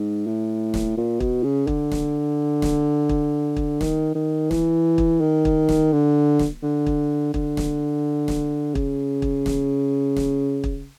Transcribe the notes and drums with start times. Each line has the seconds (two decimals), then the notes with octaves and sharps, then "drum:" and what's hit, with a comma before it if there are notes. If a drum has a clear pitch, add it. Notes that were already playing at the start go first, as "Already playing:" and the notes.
Already playing: G#2
0.27 A2
0.74 drum: snare
0.97 A#2
1.20 B2, drum: kick
1.44 C#3
1.67 D3, drum: kick
1.92 drum: snare
2.62 drum: snare
3.09 drum: kick
3.57 drum: kick
3.81 D#3, drum: snare
4.15 D#3
4.51 E3, drum: snare
4.98 drum: kick
5.21 D#3
5.45 drum: kick
5.69 drum: snare
5.93 D3
6.39 drum: snare
6.63 D3
6.87 drum: kick
7.34 D3, drum: kick
7.57 drum: snare
8.28 drum: snare
8.75 C#3, drum: kick
9.22 drum: kick
9.46 drum: snare
10.16 drum: snare
10.64 drum: kick